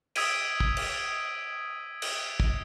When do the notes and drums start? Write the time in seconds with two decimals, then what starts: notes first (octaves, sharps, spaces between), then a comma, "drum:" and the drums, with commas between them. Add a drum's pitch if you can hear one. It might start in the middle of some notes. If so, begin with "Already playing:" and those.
0.15 D#6 E6 G#6 B6 D7 D#7, drum: cymbal
0.60 drum: kick
0.77 drum: cymbal
2.02 drum: cymbal
2.40 drum: kick